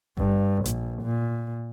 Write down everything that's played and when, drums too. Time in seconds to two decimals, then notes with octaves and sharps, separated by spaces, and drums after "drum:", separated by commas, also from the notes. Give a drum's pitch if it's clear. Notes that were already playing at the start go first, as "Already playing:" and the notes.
0.17 G2, drum: kick G#1
0.65 A#1, drum: hi-hat
1.02 A#2